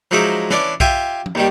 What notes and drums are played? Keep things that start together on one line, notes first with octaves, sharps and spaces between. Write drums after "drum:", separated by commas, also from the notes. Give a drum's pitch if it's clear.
F3 F#3 G#3 D#4 E5 D6
E3 C#4 D4 D5, drum: snare
F4 G4 E5 G5 G#5, drum: kick B1
drum: tom F3
D#2 D#3 G3